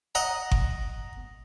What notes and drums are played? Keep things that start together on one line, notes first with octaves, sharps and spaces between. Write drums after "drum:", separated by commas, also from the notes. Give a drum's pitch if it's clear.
D#5 F#5 A#5
drum: kick G1